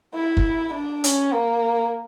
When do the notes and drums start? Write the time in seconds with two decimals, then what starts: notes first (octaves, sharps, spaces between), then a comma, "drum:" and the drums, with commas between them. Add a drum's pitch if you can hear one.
0.14 E4
0.37 drum: kick F#1
0.74 D4
1.04 C#4, drum: hi-hat
1.33 A#3